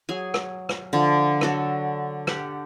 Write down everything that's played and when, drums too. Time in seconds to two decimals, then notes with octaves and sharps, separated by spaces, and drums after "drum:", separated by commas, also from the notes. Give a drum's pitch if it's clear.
0.09 F#3 G#4 G#5
0.34 drum: rim click
0.69 drum: rim click
0.93 D3 F3
1.41 F#3 F#4 A4, drum: rim click
2.27 G4 F#5, drum: rim click